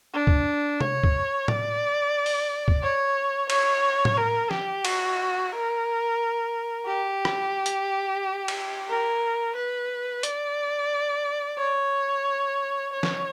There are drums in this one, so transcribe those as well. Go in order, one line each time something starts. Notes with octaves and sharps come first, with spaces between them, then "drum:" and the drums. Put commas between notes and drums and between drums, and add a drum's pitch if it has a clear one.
D4
drum: kick
C#5, drum: tom C3
drum: kick
D5, drum: tom A2
drum: open hi-hat
drum: kick
C#5
C#5, drum: cymbal
drum: tom A2
A#4
G4, drum: snare
F#4, drum: cymbal
A#4
G4
drum: rim click
drum: hi-hat
drum: cymbal
A#4
B4
D5, drum: hi-hat
C#5
C#5
drum: snare